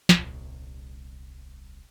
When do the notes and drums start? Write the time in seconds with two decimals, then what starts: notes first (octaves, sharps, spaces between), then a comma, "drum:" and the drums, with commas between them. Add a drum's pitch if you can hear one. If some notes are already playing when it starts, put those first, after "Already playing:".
0.09 D#1 C2, drum: snare